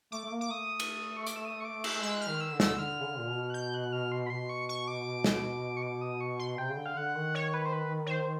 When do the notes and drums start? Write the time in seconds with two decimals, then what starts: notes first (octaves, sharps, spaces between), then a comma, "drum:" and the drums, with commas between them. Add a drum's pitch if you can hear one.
0.12 A3 D6
0.25 A3
0.32 A#3
0.41 D6
0.50 A3 D#6
0.80 drum: cymbal
1.17 C#6
1.27 D6, drum: hi-hat
1.36 E6
1.45 D#6
1.60 C#6
1.65 D6
1.84 E6, drum: cymbal
2.02 G#3 E6
2.15 F#6
2.21 F6
2.28 D#3
2.41 E6
2.53 D3
2.60 E6, drum: snare
2.79 D3 F6
3.00 C#3
3.04 D3
3.18 A#2
3.29 B2
3.50 F#6
3.54 G6
3.74 F#6
3.93 F6
4.12 C6
4.26 B5
4.30 B2 C6
4.49 C#6
4.69 C#6
4.88 D6
5.24 drum: snare
5.77 C#6
5.82 D6
6.01 D#6
6.21 C#6
6.39 C6
6.58 C3 G5
6.70 C#3
6.77 D3
6.86 F5
6.96 D3 F#5
7.15 D#3
7.35 C#5
7.54 B4
7.66 C5
7.73 B4
8.06 C#5
8.10 C5